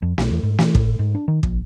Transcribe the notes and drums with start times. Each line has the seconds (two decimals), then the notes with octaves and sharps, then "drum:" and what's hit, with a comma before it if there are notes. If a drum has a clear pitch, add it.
0.02 F2
0.18 B1, drum: snare
0.31 E2
0.43 G#2
0.58 E3, drum: snare
0.75 A2, drum: kick
0.99 G#2
1.15 D4
1.28 D#3
1.43 A#1, drum: kick